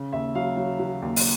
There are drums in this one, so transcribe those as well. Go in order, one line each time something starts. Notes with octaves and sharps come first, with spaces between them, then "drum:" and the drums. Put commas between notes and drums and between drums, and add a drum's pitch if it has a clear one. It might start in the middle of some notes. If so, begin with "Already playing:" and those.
Already playing: C#3
D#2 E5
F#3 F5
F#3
F#3
D#2
drum: open hi-hat